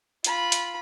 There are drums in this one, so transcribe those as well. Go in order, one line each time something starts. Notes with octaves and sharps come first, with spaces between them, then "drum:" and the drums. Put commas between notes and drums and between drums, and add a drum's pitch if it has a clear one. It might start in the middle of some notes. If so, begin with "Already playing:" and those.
F4 B5, drum: hi-hat
drum: hi-hat